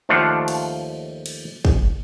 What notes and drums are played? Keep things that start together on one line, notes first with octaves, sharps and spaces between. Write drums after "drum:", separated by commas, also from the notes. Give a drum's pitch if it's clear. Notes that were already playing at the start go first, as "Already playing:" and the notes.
D#2 F3 A3 D4 F4 F#5
drum: cymbal
drum: cymbal
drum: kick